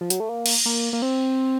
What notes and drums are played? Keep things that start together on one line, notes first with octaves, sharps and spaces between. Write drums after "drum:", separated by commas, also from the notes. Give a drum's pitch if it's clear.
F3
F#3, drum: hi-hat
A3
A#3
drum: cymbal
A#3
A#3
C4